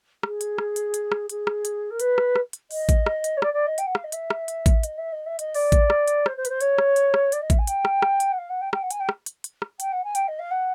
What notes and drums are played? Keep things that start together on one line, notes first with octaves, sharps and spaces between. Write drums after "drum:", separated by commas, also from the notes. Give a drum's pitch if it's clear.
G#4, drum: rim click
drum: hi-hat
drum: rim click
drum: hi-hat
drum: hi-hat
drum: rim click
G#4, drum: hi-hat
drum: rim click
drum: hi-hat
A#4
B4, drum: hi-hat
drum: rim click
drum: rim click
drum: hi-hat
D#5, drum: open hi-hat
drum: kick A1, hi-hat
drum: rim click
drum: hi-hat
C#5
D5, drum: rim click
D5
D#5
G5, drum: hi-hat
F#5
F5, drum: rim click
D#5
E5, drum: hi-hat
drum: rim click
drum: hi-hat
drum: kick A1, hi-hat
D#5, drum: hi-hat
E5
D#5
E5
D#5, drum: hi-hat
D5, drum: open hi-hat
drum: kick A1, hi-hat
drum: rim click
drum: hi-hat
C5, drum: rim click
C5
B4, drum: hi-hat
C5
C#5, drum: hi-hat
drum: rim click
drum: hi-hat
drum: rim click
D5, drum: hi-hat
D#5
E5, drum: kick A1, hi-hat
G#5
G5, drum: hi-hat
drum: rim click
drum: rim click
drum: hi-hat
F#5
F5
F#5
G5
G5, drum: rim click
F#5
G#5, drum: hi-hat
G5
drum: rim click
drum: hi-hat
drum: hi-hat
drum: rim click
G5, drum: hi-hat
F#5
G#5
G5, drum: hi-hat
D#5
F5
F#5